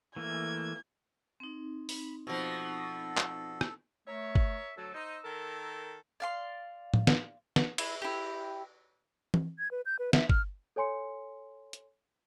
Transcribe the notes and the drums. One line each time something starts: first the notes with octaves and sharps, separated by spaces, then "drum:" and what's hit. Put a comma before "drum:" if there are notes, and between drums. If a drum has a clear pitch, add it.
E3 A3 A#3 G#6
C4 D#4
B5, drum: open hi-hat
B2 F3 A4
drum: clap
drum: rim click
A3 A#4 C#5 E5
drum: kick
D2 F#3 A4 E6
D#4 C5
D#3 A4 A#4
D5 F5 C6
drum: tom A2
drum: snare
drum: snare
E4, drum: cymbal
E4 G4
drum: tom E3
G#6
B4
G6
B4
E5, drum: snare
F6, drum: kick
A4 C#5 G#5 C6 C#7
drum: hi-hat